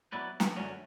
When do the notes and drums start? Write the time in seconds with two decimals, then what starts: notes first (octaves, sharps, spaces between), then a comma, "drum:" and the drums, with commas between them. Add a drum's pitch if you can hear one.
0.12 F#3 B3 E4 B4 D5
0.40 drum: snare
0.56 F#2 D3 F#3 A3 C#4